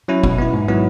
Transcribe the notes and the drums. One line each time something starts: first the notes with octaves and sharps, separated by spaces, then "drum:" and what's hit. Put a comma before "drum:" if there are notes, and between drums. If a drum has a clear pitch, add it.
F#3 C#4 E4
B2, drum: kick G1
B3 E4
G#2
F#3 B3 E4